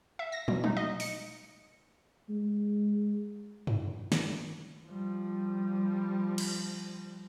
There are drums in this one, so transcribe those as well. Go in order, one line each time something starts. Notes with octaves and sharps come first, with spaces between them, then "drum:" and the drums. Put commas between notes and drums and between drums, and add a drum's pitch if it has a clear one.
E5
A#6
B2, drum: tom
D#4, drum: tom F#3
D#5
C#7, drum: open hi-hat
G#3
drum: tom
drum: snare
F3 G3
drum: cymbal